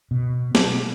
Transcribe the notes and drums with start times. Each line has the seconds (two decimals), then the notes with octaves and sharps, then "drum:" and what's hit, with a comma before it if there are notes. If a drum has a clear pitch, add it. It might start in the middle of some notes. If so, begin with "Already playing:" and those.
0.11 B2
0.55 F#3, drum: snare